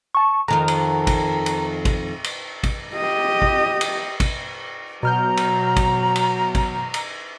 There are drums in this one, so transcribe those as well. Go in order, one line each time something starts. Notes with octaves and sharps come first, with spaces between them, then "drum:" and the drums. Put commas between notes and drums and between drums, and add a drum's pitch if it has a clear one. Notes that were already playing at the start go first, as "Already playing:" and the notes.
A5 C#6
F2 D#3 F4 A#5
drum: cymbal
drum: kick, cymbal
drum: cymbal
drum: kick, cymbal
drum: cymbal
drum: kick, cymbal
G4 D#5
drum: kick
drum: cymbal
drum: kick, cymbal
B2 F#3 A#5 F6 G6
drum: cymbal
drum: kick, cymbal
drum: cymbal
drum: kick, cymbal
drum: cymbal